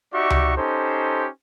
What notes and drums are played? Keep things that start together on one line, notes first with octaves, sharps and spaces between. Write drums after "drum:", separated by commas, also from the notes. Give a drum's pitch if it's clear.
D#4 F#4 G4 D5 E5 C#6
drum: tom C#2
C#4 D#4 G4 A4 C5